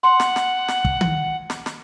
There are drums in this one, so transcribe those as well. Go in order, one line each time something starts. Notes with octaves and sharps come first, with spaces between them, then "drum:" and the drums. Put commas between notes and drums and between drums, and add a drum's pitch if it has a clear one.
F#5 C6
drum: snare
drum: snare
drum: snare
drum: kick
drum: tom D#3
drum: snare
drum: snare